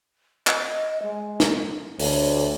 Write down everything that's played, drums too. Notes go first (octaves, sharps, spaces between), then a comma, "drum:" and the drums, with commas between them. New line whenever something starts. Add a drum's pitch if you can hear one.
D#5, drum: clap
G#3
drum: snare
D2 C#5, drum: open hi-hat